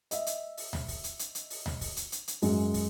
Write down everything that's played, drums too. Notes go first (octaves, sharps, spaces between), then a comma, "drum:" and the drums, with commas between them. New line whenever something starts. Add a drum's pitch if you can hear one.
D#5 E5, drum: hi-hat
drum: hi-hat
drum: open hi-hat
drum: tom D2
drum: kick, open hi-hat
drum: hi-hat
drum: hi-hat
drum: hi-hat
drum: open hi-hat
drum: tom D2
drum: kick, open hi-hat
drum: hi-hat
drum: hi-hat
drum: hi-hat
F#2 G#3, drum: open hi-hat
drum: kick, open hi-hat